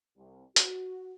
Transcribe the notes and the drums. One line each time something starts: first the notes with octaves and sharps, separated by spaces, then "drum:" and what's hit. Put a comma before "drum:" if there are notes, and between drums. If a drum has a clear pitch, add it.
C2
F#4, drum: hi-hat